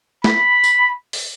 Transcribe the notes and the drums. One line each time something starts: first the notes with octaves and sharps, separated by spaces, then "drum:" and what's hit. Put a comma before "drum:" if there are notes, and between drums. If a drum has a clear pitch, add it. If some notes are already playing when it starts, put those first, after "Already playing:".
B5, drum: snare
drum: tambourine
drum: open hi-hat